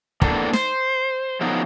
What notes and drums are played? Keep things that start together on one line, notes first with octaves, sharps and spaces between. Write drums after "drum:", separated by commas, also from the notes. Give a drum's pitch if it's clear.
A2 A#3 B3 D4 A4, drum: kick
C5, drum: snare
F3 F#3 A3 B3 D#4